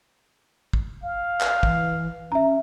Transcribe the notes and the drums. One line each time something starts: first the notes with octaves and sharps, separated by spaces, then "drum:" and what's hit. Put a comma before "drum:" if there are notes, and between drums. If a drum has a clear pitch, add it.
drum: kick
F5
drum: clap
E3, drum: kick
C#4 E5 A#5